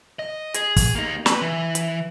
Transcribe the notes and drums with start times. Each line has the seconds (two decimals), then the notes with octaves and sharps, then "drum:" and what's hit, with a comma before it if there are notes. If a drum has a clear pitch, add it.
0.19 D#5
0.54 G#4, drum: hi-hat
0.76 drum: kick, open hi-hat
0.95 A#3 D#4
1.26 B4, drum: snare
1.42 E3
1.75 drum: hi-hat